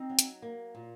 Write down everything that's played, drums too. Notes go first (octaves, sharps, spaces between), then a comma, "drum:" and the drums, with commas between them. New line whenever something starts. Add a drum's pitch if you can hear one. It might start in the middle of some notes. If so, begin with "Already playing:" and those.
Already playing: C4 D#4
F#3
drum: hi-hat
A#3
A#2